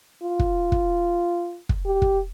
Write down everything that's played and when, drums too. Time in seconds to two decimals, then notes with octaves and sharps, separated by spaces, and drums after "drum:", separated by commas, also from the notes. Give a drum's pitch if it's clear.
0.23 F4
0.39 drum: kick
0.72 drum: kick
1.69 drum: kick
1.85 G4
2.02 drum: kick